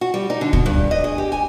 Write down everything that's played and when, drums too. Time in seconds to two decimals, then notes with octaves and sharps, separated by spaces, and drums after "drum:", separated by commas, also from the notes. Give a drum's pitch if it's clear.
0.01 F#4
0.14 G3
0.30 D#4
0.41 D3
0.53 B2, drum: kick
0.66 G2
0.91 D#5
1.04 G#4
1.18 G4
1.32 G#5